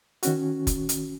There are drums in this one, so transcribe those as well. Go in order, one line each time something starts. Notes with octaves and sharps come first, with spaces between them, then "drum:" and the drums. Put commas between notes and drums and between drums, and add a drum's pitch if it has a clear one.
D#3 C#4 F#4, drum: hi-hat
drum: kick F1, hi-hat
drum: hi-hat